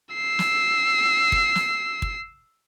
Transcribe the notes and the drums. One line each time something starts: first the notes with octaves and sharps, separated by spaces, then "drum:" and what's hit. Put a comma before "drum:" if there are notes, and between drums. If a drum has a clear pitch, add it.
E6 C7
drum: snare
drum: kick
drum: snare
drum: kick